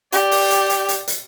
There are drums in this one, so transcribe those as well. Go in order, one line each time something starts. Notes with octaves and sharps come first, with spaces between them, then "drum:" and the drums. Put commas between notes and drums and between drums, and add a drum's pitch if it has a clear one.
G4 D5, drum: hi-hat
drum: open hi-hat
drum: hi-hat
drum: hi-hat
drum: hi-hat
drum: hi-hat